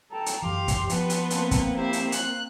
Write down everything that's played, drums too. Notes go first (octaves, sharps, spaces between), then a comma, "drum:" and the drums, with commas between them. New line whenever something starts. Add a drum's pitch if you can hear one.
A4 G5 A5 A#5
drum: hi-hat
F#2 E3 G4 F5 C6 D6
drum: kick, hi-hat
F3 B3 B4 A5 C6, drum: hi-hat
drum: hi-hat
A#3 C4, drum: hi-hat
drum: kick, hi-hat
E4 G4 C5
drum: hi-hat
C5 F#6, drum: hi-hat